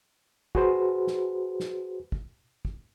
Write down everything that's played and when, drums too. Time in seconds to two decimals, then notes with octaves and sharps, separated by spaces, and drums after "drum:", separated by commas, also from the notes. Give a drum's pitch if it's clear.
0.55 F#4 G#4 B4 C5, drum: kick
1.07 drum: snare
1.60 drum: snare
2.12 drum: kick
2.65 drum: kick